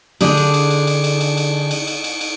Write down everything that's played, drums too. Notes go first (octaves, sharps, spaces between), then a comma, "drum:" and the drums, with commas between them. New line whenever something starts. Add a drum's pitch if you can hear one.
D3 D4 G4 G#4, drum: cymbal
drum: cymbal
drum: cymbal
drum: cymbal
drum: cymbal
drum: cymbal
drum: cymbal
drum: cymbal
drum: cymbal
drum: cymbal
drum: cymbal
drum: cymbal